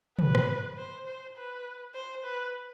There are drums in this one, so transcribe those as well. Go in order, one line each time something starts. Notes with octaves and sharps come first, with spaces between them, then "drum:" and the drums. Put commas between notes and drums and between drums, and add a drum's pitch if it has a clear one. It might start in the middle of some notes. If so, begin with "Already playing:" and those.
B4, drum: tom
drum: rim click
C5
C5
B4
C5
B4